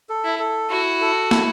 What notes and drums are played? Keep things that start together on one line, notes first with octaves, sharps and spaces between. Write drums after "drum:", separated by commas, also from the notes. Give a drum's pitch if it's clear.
A4
E4
A4
E4 F#4
A4
E4, drum: snare